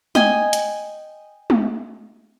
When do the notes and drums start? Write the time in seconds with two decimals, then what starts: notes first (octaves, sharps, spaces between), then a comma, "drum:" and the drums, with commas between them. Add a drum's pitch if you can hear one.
0.15 D#5 G5 G#5, drum: tom G#3
0.53 drum: hi-hat
1.50 drum: tom G#3